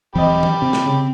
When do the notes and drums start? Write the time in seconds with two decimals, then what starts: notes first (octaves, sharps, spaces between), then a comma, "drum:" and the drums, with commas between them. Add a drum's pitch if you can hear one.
0.15 D#1 E3 F#3 C4 G4 D#5 B5
0.43 drum: tom E3
0.62 C3 C4
0.73 drum: snare
0.86 C#3